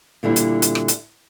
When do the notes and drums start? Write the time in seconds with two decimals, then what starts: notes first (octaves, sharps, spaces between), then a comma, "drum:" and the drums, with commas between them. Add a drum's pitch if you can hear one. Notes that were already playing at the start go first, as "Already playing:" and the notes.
0.23 A#2 D3 G3 E4
0.36 drum: hi-hat
0.62 drum: hi-hat
0.75 drum: rim click
0.88 drum: hi-hat